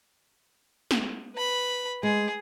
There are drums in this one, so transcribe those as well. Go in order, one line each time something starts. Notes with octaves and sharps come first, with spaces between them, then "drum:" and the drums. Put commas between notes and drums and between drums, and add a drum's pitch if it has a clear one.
drum: snare
B4 B5
G#3 G#4